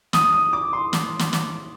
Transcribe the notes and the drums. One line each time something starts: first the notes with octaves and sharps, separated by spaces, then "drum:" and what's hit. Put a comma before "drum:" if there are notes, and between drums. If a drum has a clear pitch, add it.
D#6, drum: snare
D#6
D6
C6
drum: snare
drum: snare
drum: snare